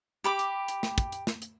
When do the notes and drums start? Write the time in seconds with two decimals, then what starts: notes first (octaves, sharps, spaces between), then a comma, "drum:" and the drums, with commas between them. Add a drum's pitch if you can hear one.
0.24 G4 B5 D6
0.39 drum: hi-hat
0.68 drum: hi-hat
0.83 drum: snare
0.98 drum: kick, hi-hat
1.12 drum: hi-hat
1.27 drum: snare
1.42 drum: hi-hat